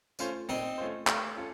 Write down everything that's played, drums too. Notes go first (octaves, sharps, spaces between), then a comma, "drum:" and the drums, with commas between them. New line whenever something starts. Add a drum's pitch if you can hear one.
A3 C#4 F4 C5, drum: tambourine
A#2 C4 D#4
A3 C#4 F4 C5
A3, drum: clap
C#4 F4 A4